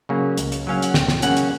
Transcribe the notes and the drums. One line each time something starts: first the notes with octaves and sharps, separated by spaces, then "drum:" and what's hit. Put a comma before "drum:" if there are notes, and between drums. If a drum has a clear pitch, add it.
C#3 F#3 A#3 C#4
C#2, drum: hi-hat
drum: hi-hat
C#3 F#3 A#3 C#4 F5
F#5, drum: hi-hat
C#2 G5, drum: snare
drum: snare
C#3 F#3 A#3 C#4 F#5, drum: hi-hat
drum: hi-hat